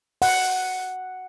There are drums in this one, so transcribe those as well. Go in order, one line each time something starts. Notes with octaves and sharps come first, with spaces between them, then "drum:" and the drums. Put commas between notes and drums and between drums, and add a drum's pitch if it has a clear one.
F#5, drum: open hi-hat